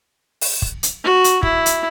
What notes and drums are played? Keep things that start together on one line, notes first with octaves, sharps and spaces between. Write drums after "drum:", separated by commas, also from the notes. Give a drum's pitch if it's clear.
drum: open hi-hat
drum: kick
drum: hi-hat
F#4
drum: hi-hat
E4, drum: kick
drum: hi-hat